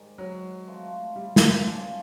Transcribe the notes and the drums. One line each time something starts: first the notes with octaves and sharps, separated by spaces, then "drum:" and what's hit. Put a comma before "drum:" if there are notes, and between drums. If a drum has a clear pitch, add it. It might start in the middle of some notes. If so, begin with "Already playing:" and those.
Already playing: G#2 D#3 G3
F#3
F3 A3 C4
G3
drum: snare
D3 F3 A#3 C#4